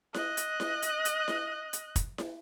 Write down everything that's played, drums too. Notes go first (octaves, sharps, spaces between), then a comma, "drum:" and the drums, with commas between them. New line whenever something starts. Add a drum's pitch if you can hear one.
D#5 F#6, drum: snare E4
drum: hi-hat
drum: snare E4
drum: hi-hat
drum: hi-hat
drum: snare E4
drum: hi-hat
drum: kick, hi-hat
drum: snare E4